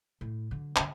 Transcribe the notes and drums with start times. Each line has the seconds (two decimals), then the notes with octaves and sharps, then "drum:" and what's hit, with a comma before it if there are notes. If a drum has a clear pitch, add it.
0.21 A2
0.51 D3 F#3
0.76 G2 D3, drum: clap